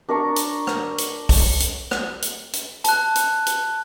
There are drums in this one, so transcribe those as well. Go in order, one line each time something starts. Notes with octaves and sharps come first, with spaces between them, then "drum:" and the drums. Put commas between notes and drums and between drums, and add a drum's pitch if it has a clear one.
D4 A#4 A#5 C#6
drum: hi-hat
drum: rim click
drum: hi-hat
drum: kick, open hi-hat
drum: hi-hat
drum: rim click
drum: hi-hat
drum: hi-hat
A5 F#6, drum: hi-hat
drum: hi-hat
drum: hi-hat